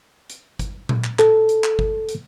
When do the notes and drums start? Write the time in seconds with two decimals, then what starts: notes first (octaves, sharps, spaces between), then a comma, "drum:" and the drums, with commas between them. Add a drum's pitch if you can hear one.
0.30 drum: hi-hat
0.59 drum: kick, hi-hat
0.89 drum: tom A#2
1.04 drum: clap
1.19 A4, drum: clap
1.49 drum: hi-hat
1.64 drum: clap
1.79 drum: kick
2.09 drum: hi-hat